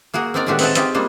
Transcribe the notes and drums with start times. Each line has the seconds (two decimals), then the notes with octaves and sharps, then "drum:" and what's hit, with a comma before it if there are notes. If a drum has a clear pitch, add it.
0.14 A#3 F#4 G#4 A#4
0.34 C4 D4 D#4 A#4 D5 A#5
0.46 A2 D#3 G#3 D4 F#4 G4
0.59 E3 C4 D#4 F#5 G#5 A5, drum: open hi-hat
0.75 C4 D#4 F4 G4 G#4, drum: hi-hat
0.94 G3 A#3 D4 C5 D#5